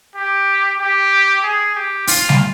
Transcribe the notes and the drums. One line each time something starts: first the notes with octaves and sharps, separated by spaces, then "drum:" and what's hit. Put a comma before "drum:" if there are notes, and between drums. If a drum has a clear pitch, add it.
G4
G4
G#4
G4
F4, drum: open hi-hat
drum: snare G3